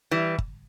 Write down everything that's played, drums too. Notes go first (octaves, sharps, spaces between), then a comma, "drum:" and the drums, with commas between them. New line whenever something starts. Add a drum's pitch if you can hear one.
E3 G3
drum: kick